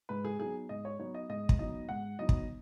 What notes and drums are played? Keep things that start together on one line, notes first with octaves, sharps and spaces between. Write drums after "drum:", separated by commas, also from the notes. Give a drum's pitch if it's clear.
G#2 B4
G#4
F#3 B3 D#4 G#4
G#2 D#5
C#5
F#3 B3 D#4 C#5
D#5
G#2 D#5
drum: kick
F#3 B3 D#4 D#5
G#2 F#5
F#3 B3 D#4 D#5
drum: kick